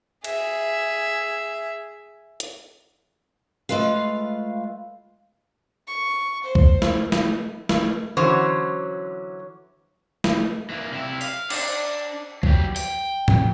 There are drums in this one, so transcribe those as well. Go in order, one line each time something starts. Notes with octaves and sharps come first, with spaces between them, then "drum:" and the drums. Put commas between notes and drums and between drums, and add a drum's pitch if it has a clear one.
G#4 E5, drum: cymbal
drum: hi-hat
G#3 A3 F4 B4 F5
C#6
C5
drum: kick C2
drum: snare
drum: snare
drum: snare
D3 E3 F#3 C#4 C5 C#5
drum: snare
E3 A#3
C3 E4
F5, drum: open hi-hat
D4, drum: cymbal
F#3 G4, drum: kick C2
G5, drum: open hi-hat
drum: tom